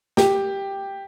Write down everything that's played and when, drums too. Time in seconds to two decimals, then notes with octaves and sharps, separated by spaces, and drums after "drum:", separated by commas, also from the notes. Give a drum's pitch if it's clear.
0.17 G4, drum: snare